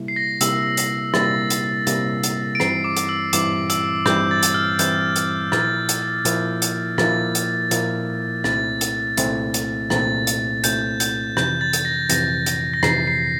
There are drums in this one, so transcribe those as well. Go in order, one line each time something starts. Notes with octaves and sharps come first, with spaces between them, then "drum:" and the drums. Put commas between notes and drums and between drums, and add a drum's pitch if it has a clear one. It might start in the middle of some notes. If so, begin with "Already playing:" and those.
Already playing: C3 G3 A#3 E4
C7
A#6
C3 G3 A#3 E4 E6, drum: hi-hat
drum: hi-hat
C3 G3 A#3 E4 A6, drum: rim click
drum: hi-hat
C3 G3 A#3 E4, drum: hi-hat
drum: hi-hat
D7
G2 E3 G3 C4 E4 C7, drum: rim click
D6
drum: hi-hat
E6
G2 E3 G3 C4 E4 D6, drum: hi-hat
E6, drum: hi-hat
G2 E3 G3 C4 E4 G6, drum: rim click
A6
drum: hi-hat
F6
G2 E3 G3 C4 E4 G6, drum: hi-hat
drum: hi-hat
A#2 F3 A#3 E4 A6, drum: rim click
drum: hi-hat
A#2 F3 A#3 E4, drum: hi-hat
drum: hi-hat
A#2 F3 A#3 E4 A6, drum: rim click
drum: hi-hat
A#2 F3 A#3 E4, drum: hi-hat
C2 A#2 A3 C4 E4 A6, drum: rim click
drum: hi-hat
C2 A#2 A3 C4 E4, drum: hi-hat
drum: hi-hat
C2 A#2 A3 C4 E4 A6, drum: rim click
drum: hi-hat
C2 A#2 A3 C4 E4 G6, drum: hi-hat
G6, drum: hi-hat
F2 C3 E3 G6, drum: rim click
A6
drum: hi-hat
A#6
F2 C3 E3 A#6, drum: hi-hat
drum: hi-hat
A#6
F2 C3 E3 C7, drum: rim click
C7